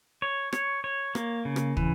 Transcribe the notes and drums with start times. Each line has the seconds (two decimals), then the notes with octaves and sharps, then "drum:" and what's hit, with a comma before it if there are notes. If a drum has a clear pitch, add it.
0.22 C#5
0.53 C#5, drum: rim click
0.84 C#5
1.15 A#3, drum: rim click
1.45 C#3
1.56 drum: rim click
1.77 E3, drum: kick